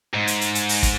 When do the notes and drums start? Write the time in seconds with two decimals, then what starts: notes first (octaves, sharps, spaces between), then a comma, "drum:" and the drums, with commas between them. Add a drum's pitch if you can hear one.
0.14 G#2
0.27 drum: hi-hat
0.41 drum: hi-hat
0.55 drum: hi-hat
0.69 drum: open hi-hat
0.83 drum: kick, hi-hat